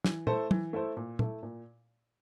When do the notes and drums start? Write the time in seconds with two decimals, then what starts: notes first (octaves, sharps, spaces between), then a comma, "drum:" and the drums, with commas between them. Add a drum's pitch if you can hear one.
0.04 E3, drum: snare
0.27 A3 E4 A4 C5, drum: tom
0.51 E3, drum: tom
0.73 A3 E4 A4 C5
0.97 A#2
1.19 A3 E4, drum: tom
1.43 A#2